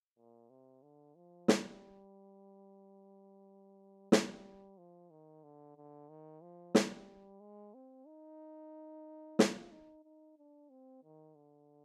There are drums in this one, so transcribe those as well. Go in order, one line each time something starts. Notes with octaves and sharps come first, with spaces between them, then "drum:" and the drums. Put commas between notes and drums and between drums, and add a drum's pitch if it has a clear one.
A#2
C3
D3
F3
G3, drum: snare
G3, drum: snare
F3
D#3
D3
D3
D#3
F3
G3, drum: snare
G#3
C4
D#4
F4, drum: snare
D#4
D#4
D4
C4
D#3
D3